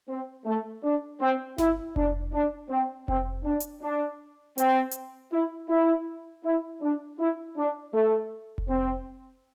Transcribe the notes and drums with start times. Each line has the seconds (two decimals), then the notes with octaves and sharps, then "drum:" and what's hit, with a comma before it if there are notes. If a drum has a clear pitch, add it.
0.09 C4
0.46 A3
0.83 D4
1.21 C4
1.58 E4, drum: snare G1
1.96 D4, drum: kick F1
2.33 D4
2.70 C4
3.08 C4, drum: kick F1
3.44 D4
3.60 drum: hi-hat
3.82 D4
4.58 C4, drum: hi-hat
4.91 drum: hi-hat
5.32 E4
5.69 E4
6.44 E4
6.82 D4
7.19 E4
7.57 D4
7.94 A3
8.58 drum: kick F1
8.69 C4